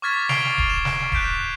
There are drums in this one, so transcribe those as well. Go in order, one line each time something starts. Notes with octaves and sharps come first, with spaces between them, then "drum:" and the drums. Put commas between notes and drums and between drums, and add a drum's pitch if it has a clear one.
C#6 D6 F6 G#6 A6 B6
G#6 C7 D7 F7 G7, drum: snare
drum: kick D1
E7
drum: snare
F#6 G6 B6 D7, drum: kick D1